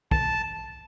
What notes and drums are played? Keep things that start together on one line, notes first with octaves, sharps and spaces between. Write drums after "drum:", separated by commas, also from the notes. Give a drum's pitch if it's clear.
A5, drum: kick